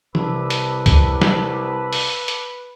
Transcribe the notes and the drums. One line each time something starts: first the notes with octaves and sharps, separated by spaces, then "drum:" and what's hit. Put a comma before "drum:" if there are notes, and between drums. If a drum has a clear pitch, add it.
C2 C3 B4 A5 D6 E6, drum: tom
drum: hi-hat
drum: kick C#2, hi-hat
drum: snare
drum: open hi-hat
drum: hi-hat